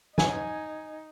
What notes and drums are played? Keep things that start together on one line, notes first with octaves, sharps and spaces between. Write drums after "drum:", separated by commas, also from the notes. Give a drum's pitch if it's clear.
D#4 G#5, drum: snare